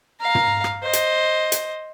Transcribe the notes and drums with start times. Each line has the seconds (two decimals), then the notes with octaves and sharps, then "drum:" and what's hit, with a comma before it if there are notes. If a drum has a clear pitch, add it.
0.20 F5 A#5
0.35 drum: tom
0.64 drum: rim click
0.83 C5 D#5
0.93 drum: hi-hat
1.52 drum: hi-hat